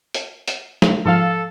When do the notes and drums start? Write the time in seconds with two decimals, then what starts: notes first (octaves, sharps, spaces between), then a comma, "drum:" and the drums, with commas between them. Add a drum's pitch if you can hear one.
0.14 drum: hi-hat
0.48 drum: hi-hat
0.82 drum: snare
1.06 G#2 F3 A4 F5